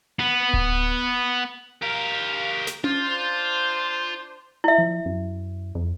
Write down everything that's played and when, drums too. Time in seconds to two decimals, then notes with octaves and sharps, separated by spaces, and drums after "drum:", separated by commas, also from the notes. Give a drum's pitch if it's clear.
0.19 B3
0.53 drum: kick D1
1.82 G4 A#4 F5
2.67 drum: snare
2.84 D4 F4 C5, drum: tom C#4
4.64 E4 E5
4.78 F3
5.06 F#2
5.75 F2